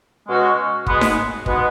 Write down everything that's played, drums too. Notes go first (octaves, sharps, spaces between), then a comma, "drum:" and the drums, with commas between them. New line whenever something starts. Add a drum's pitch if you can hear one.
B2 G#3 C#4 F#4
B2 G#3 B3, drum: kick
drum: snare D#4
B2 G#3 B3, drum: kick